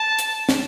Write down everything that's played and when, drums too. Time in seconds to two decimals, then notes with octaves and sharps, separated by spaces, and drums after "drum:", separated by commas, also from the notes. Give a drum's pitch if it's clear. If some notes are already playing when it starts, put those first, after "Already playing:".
Already playing: A5
0.19 drum: hi-hat
0.49 drum: snare